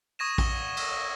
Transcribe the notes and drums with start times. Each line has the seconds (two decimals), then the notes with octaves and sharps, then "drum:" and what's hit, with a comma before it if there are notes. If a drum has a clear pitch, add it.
0.19 C#6 D#6 G#6 A#6 D#7 E7
0.38 drum: kick, cymbal
0.77 drum: cymbal